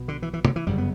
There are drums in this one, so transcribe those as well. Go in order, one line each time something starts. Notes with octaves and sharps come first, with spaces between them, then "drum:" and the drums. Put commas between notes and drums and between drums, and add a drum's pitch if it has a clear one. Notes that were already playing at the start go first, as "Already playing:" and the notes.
Already playing: B1 B2
D3
E3
E3
D3, drum: tom
E3
G1 F#2 C#3 G3
B3